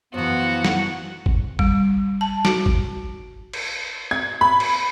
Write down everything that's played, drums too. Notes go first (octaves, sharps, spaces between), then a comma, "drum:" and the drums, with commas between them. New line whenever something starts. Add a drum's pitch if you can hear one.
F#2 E3 F3 B3 F#4
drum: snare
drum: kick G1
G3, drum: kick G1
A5
F#4, drum: snare
drum: kick G1
drum: cymbal
G#6
B5
drum: cymbal